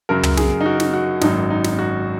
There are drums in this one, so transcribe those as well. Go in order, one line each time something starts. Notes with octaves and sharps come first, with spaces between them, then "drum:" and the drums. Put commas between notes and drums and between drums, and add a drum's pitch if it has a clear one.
F#2 C#3 F#3 A#4
drum: tom
G#4, drum: snare
D#4
F#4
drum: snare
F#4
G#1 F#2 D#3 F#3 D#4, drum: snare
D#4
drum: snare
F#4